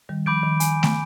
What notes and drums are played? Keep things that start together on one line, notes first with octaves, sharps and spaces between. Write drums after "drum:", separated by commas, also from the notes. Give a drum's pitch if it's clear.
D#3 G3
F3 B5 D6 G6 D7
D#3
G#5, drum: hi-hat
drum: snare